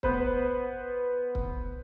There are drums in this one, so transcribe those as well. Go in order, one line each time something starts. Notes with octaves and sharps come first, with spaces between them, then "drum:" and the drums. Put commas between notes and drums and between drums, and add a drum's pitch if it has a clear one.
B3 B4 C5, drum: kick C#1
drum: kick C#1